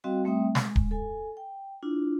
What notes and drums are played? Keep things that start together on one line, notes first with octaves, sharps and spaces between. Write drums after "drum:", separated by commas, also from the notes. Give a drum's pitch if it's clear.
G3 C4 F#4 D#5 F5 G5
G3 A3 C4 E5 G5 D#6
G#3, drum: snare
drum: kick D1
A4 G#5
G5
D4 E4 F4